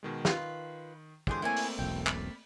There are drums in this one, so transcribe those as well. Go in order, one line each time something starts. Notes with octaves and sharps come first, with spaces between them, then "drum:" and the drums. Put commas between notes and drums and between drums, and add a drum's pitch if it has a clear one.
B2 D#3 G#3
D#3 F4 B4, drum: snare
D3 E3 G#3 G4 G#4 C5, drum: kick
A3 A#3 C4 E4 C#5 G#5
drum: open hi-hat
E1 B1 G5
D5 B5, drum: clap